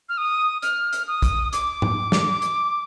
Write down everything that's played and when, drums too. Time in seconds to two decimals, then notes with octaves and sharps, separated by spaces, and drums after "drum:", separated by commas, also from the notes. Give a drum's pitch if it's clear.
0.09 F6
0.18 D#6
0.62 F6, drum: hi-hat
0.93 drum: hi-hat
1.08 D#6
1.22 drum: kick, hi-hat
1.53 D6, drum: hi-hat
1.82 drum: tom G#2
2.12 drum: snare
2.42 drum: hi-hat